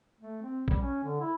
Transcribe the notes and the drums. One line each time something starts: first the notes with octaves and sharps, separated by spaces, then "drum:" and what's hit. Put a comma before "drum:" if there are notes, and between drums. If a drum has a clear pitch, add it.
A3
C4
G3, drum: kick
C#4
D3
E4